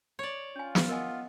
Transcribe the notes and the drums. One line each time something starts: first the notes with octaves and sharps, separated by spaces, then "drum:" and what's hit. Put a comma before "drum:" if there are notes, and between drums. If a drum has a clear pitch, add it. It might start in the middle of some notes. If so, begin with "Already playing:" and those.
C#5 D5
C#4 F4 G#5
drum: snare
B3 A#4 D#5 G#5